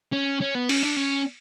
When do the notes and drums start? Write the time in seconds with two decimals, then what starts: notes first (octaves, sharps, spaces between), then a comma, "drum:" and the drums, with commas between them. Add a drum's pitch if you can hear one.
0.13 C#4
0.41 C#4
0.55 B3
0.69 C#4, drum: open hi-hat
0.83 D4
0.97 C#4